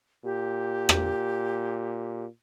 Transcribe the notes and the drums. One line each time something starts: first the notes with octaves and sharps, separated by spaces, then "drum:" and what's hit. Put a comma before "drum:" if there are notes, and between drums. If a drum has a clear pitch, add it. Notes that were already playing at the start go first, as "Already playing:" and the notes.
A#2 G4
drum: rim click